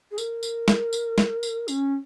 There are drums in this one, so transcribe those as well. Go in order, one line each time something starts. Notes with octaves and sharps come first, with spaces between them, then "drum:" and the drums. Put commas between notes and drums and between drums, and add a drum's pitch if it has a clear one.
G#4
A#4, drum: tambourine
drum: tambourine
drum: snare
drum: tambourine
drum: snare
drum: tambourine
C#4, drum: tambourine